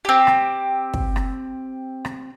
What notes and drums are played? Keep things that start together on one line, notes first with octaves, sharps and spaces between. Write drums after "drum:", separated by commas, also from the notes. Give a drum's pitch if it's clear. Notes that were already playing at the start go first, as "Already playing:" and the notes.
C4 G4
drum: rim click
drum: kick
drum: rim click
drum: rim click